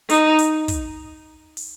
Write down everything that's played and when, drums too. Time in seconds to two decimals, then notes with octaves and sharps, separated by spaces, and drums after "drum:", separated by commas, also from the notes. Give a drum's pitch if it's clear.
0.09 D#4, drum: hi-hat
0.39 drum: hi-hat
0.68 drum: kick, hi-hat
1.57 drum: open hi-hat